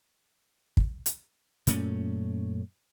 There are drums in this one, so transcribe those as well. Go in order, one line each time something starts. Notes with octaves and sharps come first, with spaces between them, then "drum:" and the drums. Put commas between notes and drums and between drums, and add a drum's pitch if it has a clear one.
drum: kick
drum: hi-hat
F#2 A#2 A3 C#4, drum: hi-hat